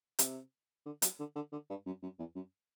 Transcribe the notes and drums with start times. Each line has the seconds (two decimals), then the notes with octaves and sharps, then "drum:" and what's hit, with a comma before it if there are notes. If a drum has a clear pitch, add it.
0.19 C3, drum: hi-hat
0.86 D3
1.02 F#3, drum: hi-hat
1.19 D3
1.35 D3
1.52 D3
1.69 G2
1.86 F#2
2.03 F#2
2.19 E2
2.35 F#2